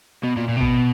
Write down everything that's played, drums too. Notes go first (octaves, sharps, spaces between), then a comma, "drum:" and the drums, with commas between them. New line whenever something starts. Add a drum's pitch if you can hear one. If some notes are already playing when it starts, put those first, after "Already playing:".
B2
A#2
A#2
C3
B2, drum: kick A1